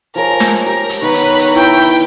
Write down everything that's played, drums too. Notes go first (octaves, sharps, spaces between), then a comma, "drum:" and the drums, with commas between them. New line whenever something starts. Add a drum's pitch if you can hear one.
F3 G#4 A#4 C#5
drum: snare
G4 A#4
drum: hi-hat
D#3 B3 B4 C#5 A#5 C6
drum: hi-hat
drum: hi-hat
E4 G5
drum: open hi-hat